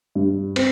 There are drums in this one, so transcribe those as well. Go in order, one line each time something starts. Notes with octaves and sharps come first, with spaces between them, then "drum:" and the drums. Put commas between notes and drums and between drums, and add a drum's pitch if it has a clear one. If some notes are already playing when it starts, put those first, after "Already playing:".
G2
C4, drum: cymbal